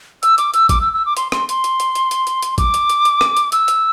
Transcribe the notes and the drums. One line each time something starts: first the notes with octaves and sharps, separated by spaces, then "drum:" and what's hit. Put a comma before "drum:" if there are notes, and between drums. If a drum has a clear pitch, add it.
E6, drum: hi-hat
D6, drum: hi-hat
E6, drum: hi-hat
D6, drum: kick A1, hi-hat
E6
E6
D6
C6, drum: hi-hat
C6, drum: rim click
C6, drum: hi-hat
drum: hi-hat
drum: hi-hat
drum: hi-hat
drum: hi-hat
drum: hi-hat
drum: hi-hat
D6, drum: kick A1, hi-hat
drum: hi-hat
drum: hi-hat
drum: hi-hat
drum: rim click
drum: hi-hat
E6, drum: hi-hat
drum: hi-hat